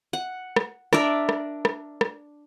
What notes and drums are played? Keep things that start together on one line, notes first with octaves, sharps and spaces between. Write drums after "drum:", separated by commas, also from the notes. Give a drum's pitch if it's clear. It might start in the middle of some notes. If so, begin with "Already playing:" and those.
F#5
drum: rim click
D4 A#4 D5 E5, drum: rim click
drum: rim click
drum: rim click
drum: rim click